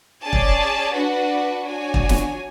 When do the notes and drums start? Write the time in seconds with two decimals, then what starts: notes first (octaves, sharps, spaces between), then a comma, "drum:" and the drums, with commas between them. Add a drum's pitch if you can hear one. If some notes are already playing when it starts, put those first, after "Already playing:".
0.23 C#4 G#4 D5 A5
0.33 drum: kick
0.93 D4 F#4 B4 F#5
1.64 D4 F#4 C#5 G#5
1.94 drum: kick
2.09 drum: snare